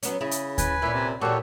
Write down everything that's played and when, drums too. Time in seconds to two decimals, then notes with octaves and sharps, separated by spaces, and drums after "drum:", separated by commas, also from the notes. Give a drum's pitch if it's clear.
0.03 F#3 B3 C#4, drum: hi-hat
0.21 C#3 E4 G#4
0.31 drum: hi-hat
0.58 B4 G#5, drum: kick D2, hi-hat
0.82 A#2 C#4 E4
0.94 C3
1.21 A#2 E3 F#4 G4 A4 C#5